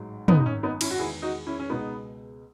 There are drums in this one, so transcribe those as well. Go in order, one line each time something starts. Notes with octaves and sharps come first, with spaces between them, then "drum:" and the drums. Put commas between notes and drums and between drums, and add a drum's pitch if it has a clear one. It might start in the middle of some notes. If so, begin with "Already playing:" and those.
Already playing: A1 G#2 F#3
G#1 F#2 D#3 B3 D#4, drum: tom
D#4
C#4
B3 D#4
C#4 E4, drum: cymbal
F#4
E2 D#3 G#3 E4 G#4
D#4 F#4
C#4 E4
C#4
C#2 B2 G#3 B3 D#4